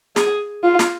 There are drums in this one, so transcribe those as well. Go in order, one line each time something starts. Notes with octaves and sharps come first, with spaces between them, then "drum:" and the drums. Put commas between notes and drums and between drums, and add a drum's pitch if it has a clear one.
G#4, drum: snare
F4
drum: snare